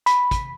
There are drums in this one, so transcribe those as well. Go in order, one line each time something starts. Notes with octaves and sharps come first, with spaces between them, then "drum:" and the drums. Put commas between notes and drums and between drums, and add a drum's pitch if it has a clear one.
B5, drum: hi-hat
drum: kick, hi-hat